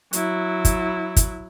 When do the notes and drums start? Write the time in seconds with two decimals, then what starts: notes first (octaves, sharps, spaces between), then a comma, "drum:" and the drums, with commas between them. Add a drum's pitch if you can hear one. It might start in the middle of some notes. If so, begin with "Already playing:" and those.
0.13 F#3 E4, drum: hi-hat
0.65 drum: kick, hi-hat
1.16 drum: kick, hi-hat